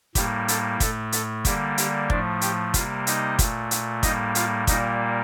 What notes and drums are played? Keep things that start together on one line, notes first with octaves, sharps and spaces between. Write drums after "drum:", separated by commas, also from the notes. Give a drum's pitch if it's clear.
A2 G3 A#3 G4, drum: kick, hi-hat
A4, drum: hi-hat
A2 A3 A4, drum: kick, hi-hat
A4, drum: hi-hat
D3 G3 A#3 G4, drum: kick, hi-hat
G4, drum: hi-hat
A2 F3 A3 D4 D5, drum: kick
G4 G5, drum: hi-hat
C3 G3 A#3 F4 F5, drum: kick, hi-hat
D#4 D#5, drum: hi-hat
A#2 A3, drum: kick, hi-hat
drum: hi-hat
A2 G3 A#3 D#4 D#5, drum: kick, hi-hat
F4 F5, drum: hi-hat
A#2 G3 A#3 D#4 D#5, drum: kick, hi-hat